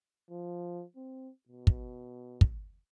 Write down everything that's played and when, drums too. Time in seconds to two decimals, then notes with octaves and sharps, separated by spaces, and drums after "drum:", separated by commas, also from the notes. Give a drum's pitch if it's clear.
0.31 F3
0.96 C4
1.48 B2
1.67 drum: kick
2.41 drum: kick